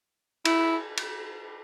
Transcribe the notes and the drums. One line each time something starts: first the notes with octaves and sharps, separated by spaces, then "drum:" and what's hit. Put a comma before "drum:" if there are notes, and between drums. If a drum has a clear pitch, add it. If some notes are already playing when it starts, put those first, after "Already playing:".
E4, drum: cymbal
drum: cymbal